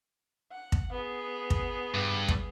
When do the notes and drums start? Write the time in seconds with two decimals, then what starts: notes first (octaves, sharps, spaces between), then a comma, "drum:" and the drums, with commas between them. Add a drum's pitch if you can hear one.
0.51 F#5
0.72 drum: kick
0.92 B3 G#4
1.50 drum: kick
1.94 G2
2.28 drum: kick